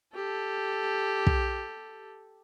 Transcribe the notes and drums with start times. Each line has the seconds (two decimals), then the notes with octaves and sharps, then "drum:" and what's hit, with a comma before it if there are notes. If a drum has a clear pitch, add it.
0.14 G4 A4
1.27 drum: kick